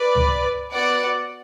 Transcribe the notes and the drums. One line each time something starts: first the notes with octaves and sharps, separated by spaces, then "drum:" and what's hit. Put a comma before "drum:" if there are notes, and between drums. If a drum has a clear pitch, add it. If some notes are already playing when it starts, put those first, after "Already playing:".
Already playing: B4 D5
drum: tom C#2
B3 F#4 D5 F#5